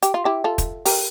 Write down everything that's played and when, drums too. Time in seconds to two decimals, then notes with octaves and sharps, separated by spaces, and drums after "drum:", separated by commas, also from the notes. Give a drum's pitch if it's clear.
0.03 G4, drum: hi-hat
0.14 F4
0.25 E4 G4
0.44 F4 A4
0.58 drum: kick, hi-hat
0.85 G4 A#4, drum: open hi-hat